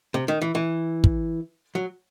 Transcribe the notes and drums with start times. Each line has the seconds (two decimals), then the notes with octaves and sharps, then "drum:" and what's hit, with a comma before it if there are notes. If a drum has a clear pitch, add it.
0.14 C3
0.28 D#3
0.42 E3
0.55 E3
1.04 drum: kick
1.75 F#3